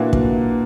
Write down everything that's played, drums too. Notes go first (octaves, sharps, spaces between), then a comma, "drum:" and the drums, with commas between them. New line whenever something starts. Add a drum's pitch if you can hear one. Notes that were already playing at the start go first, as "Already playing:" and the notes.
Already playing: A#2 E3 A#3 D4 F#4
drum: kick